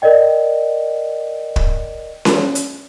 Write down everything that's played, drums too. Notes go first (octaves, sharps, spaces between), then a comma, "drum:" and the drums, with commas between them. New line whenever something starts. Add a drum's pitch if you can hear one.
A#4 D5 D#5 G5
drum: kick
drum: snare C#4
drum: hi-hat